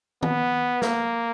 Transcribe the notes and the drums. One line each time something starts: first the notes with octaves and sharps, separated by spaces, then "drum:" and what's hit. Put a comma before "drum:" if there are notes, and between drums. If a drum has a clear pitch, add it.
B3, drum: tom D#3
A#3, drum: snare